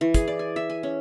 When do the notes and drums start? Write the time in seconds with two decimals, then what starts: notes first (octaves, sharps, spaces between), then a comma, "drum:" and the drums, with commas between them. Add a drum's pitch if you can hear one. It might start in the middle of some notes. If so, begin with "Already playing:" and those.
0.01 E3
0.14 G#4, drum: kick, hi-hat
0.28 D5
0.39 G#5
0.56 E5
0.70 G#5
0.83 C#4